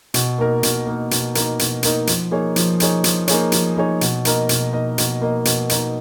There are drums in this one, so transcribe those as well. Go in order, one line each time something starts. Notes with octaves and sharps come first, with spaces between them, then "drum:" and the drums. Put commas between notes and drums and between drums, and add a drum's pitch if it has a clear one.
B2, drum: hi-hat
A#3 D#4 A#4
B2, drum: hi-hat
A#3 D#4 A#4
B2, drum: hi-hat
A#3 D#4 A#4, drum: hi-hat
B2, drum: hi-hat
A#3 D#4 A#4, drum: hi-hat
F3, drum: hi-hat
A#3 D#4 G#4 C#5
F3, drum: hi-hat
A#3 D#4 G#4 C#5, drum: hi-hat
F3, drum: hi-hat
A#3 D#4 G#4 C#5, drum: hi-hat
F3, drum: hi-hat
A#3 D#4 G#4 C#5
B2, drum: hi-hat
A#3 D#4 A#4 D#5, drum: hi-hat
B2, drum: hi-hat
A#3 D#4 A#4 D#5
B2, drum: hi-hat
A#3 D#4 A#4 D#5
B2, drum: hi-hat
A#3 D#4 A#4 D#5, drum: hi-hat